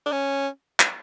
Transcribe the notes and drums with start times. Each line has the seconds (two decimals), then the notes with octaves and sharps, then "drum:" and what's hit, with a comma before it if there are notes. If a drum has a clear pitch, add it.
0.06 D4
0.12 C#4
0.80 drum: clap